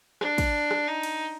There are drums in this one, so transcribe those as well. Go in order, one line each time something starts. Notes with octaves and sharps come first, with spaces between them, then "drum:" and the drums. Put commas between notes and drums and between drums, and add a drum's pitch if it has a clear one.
D4, drum: rim click
drum: kick, cymbal
drum: rim click
D#4
drum: cymbal